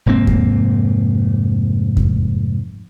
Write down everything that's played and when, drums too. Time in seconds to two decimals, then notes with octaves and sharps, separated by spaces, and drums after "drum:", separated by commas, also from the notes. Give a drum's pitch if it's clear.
0.06 F1 G#2 A#3 C4
0.27 drum: kick E2
1.97 drum: kick E2